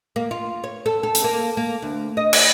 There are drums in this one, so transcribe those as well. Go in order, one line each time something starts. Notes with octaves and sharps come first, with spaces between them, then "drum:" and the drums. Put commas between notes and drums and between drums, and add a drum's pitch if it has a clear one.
A#3
F4
C#5
A4
A4
drum: hi-hat
A#3
A#3
D2
D#5
drum: cymbal